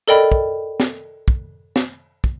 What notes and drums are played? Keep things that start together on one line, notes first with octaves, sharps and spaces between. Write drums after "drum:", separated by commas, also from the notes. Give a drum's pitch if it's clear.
A4 A#4 D5 D#5 G5 B5
drum: kick
drum: snare
drum: kick
drum: snare
drum: kick